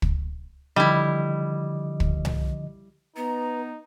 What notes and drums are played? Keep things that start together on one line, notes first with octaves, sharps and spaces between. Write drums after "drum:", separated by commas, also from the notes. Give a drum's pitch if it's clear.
drum: kick
D3 F3 G3 E4 D#5
drum: kick
drum: tom C2
B3 D#4 B4 A#5